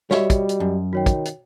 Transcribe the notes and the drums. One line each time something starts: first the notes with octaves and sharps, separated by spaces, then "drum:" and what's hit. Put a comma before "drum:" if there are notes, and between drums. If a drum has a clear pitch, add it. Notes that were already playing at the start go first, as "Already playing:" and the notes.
G3 F#4 G4 C#5 D#5 E5, drum: snare
drum: kick, hi-hat
drum: hi-hat
F#2
D#3 F#4 C#5 G5
drum: kick, hi-hat
drum: hi-hat